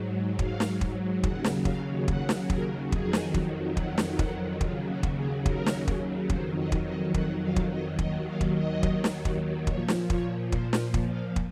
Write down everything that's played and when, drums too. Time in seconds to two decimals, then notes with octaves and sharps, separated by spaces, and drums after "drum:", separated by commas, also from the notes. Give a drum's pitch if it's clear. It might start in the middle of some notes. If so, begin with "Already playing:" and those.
Already playing: G#2 F#3
0.39 F5, drum: kick
0.60 drum: snare
0.81 drum: kick
1.23 D#2 C#3 F#3 F#5, drum: kick
1.44 drum: snare
1.65 F5, drum: kick
2.08 F#5, drum: kick
2.29 drum: snare
2.50 A#4, drum: kick
2.92 F2 D#3 F#3 G#4, drum: kick
3.13 drum: snare
3.34 drum: kick
3.77 F#4, drum: kick
3.98 drum: snare
4.19 F#4, drum: kick
4.61 D#2 C#3 F#3 F4, drum: kick
4.89 F#4
5.03 drum: kick
5.17 G#4
5.46 A#4, drum: kick
5.66 drum: snare
5.88 drum: kick
6.30 F2 D#3 F#3 C5, drum: kick
6.58 D#5
6.72 drum: kick
6.86 D#5
7.14 F#5, drum: kick
7.43 F5
7.56 drum: kick
7.70 D#5
7.99 D#2 D#3 F#3 D#5, drum: kick
8.27 F5
8.41 drum: kick
8.54 D#5
8.83 drum: kick
9.04 drum: snare
9.25 drum: kick
9.67 A#2 F3 C#5, drum: kick
9.88 drum: snare
10.10 C#5, drum: kick
10.52 C5, drum: kick
10.73 drum: snare
10.94 drum: kick
11.08 F5
11.36 drum: kick